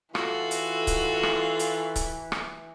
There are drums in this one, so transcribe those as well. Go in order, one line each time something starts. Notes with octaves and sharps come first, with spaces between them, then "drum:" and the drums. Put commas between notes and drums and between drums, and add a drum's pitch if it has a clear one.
E3 F4 F#4 A4, drum: rim click
drum: hi-hat
drum: kick C#1, hi-hat
drum: rim click
drum: hi-hat
drum: kick C#1, hi-hat
drum: rim click